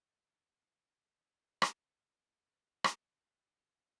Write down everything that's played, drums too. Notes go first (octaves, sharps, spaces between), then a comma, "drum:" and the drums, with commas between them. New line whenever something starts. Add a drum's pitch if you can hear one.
E6
D5
C#6
A6
D5
A#5
drum: rim click
drum: rim click
D3